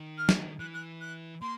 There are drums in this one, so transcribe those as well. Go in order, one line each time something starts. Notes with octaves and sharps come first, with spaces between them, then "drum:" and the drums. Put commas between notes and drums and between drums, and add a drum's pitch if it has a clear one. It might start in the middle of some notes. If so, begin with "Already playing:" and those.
Already playing: D#3
F6
drum: snare
E3 F#6
F#6
F#6
A#3 C6